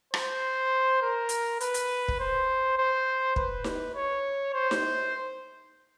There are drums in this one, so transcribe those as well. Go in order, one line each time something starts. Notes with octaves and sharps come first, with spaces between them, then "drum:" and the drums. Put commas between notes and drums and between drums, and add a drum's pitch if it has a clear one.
C5, drum: rim click
A#4
drum: hi-hat
B4, drum: hi-hat
drum: hi-hat
drum: kick
C5
C5
B4, drum: kick
drum: snare D#4
C#5
C5
drum: snare D#4